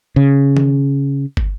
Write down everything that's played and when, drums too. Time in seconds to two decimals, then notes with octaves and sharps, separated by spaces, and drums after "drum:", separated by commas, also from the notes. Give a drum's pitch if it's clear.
0.16 C#3
0.57 drum: tom
1.37 drum: kick